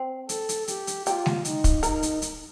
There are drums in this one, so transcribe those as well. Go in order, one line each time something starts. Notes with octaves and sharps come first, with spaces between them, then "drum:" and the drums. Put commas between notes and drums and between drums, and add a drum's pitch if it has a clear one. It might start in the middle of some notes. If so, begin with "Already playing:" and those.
Already playing: C4
A4, drum: hi-hat
drum: hi-hat
G4, drum: hi-hat
drum: hi-hat
F4 G4, drum: hi-hat
drum: snare
D#4, drum: hi-hat
drum: kick, hi-hat
D#4 A#4, drum: hi-hat
drum: hi-hat
drum: hi-hat